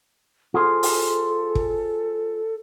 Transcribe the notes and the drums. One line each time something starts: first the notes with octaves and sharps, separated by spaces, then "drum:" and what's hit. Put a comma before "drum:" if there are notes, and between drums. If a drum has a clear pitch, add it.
F4 G#4 A4 C5
drum: open hi-hat
drum: kick